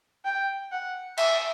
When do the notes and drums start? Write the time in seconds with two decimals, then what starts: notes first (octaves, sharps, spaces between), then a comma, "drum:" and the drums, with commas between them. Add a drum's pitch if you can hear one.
0.25 G5
0.72 F#5
1.18 E5, drum: cymbal